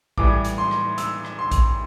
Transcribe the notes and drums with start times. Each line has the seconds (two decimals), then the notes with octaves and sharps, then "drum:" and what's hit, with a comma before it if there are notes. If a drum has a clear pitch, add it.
0.18 A2 E3 G3 D6, drum: kick A#1
0.45 drum: hi-hat
0.58 C6
0.71 drum: rim click
0.98 E6, drum: hi-hat
1.25 drum: rim click
1.39 C6
1.51 drum: kick A#1, hi-hat